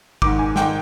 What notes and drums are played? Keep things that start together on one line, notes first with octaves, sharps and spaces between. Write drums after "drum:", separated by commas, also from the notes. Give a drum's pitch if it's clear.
G#2 D#3 D6, drum: kick
G#5
G#2 D#3 G5, drum: snare